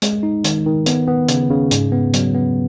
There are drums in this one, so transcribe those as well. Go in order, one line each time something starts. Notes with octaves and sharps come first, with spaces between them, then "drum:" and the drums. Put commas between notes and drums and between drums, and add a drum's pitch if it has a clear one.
G#3, drum: hi-hat
D#4
D#3, drum: hi-hat
D#3
B3, drum: hi-hat
B3
C#3, drum: hi-hat
C#3
G#2, drum: hi-hat
B3
F#3, drum: hi-hat
B3